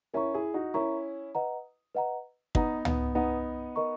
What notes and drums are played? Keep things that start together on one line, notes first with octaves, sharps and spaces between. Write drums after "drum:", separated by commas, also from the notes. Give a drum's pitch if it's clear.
C#4 E4 A#4 E5 A#5 C#6
E4 G#4
D#4 F#4
C#4 E4 A#4 E5 A#5 C#6
B4 D#5 F#5 A#5
B4 D#5 F#5 A#5
B3 D#4 B4 F#5 A#5, drum: kick
B3 D#4, drum: tom C#2
B3 D#4 B4 F#5 A#5
A#4 D#5 A#5 C#6